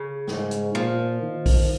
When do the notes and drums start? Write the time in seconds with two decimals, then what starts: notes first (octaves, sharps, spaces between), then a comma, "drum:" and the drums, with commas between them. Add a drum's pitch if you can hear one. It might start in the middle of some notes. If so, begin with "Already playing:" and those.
Already playing: C#3
0.28 G#2, drum: snare
0.51 drum: hi-hat
0.75 A#2 F3
1.22 D#3
1.46 drum: kick A#1, open hi-hat